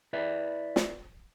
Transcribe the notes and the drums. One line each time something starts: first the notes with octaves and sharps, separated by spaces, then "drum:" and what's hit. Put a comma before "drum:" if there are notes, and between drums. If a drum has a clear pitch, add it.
E4 B4 D5 E5
drum: snare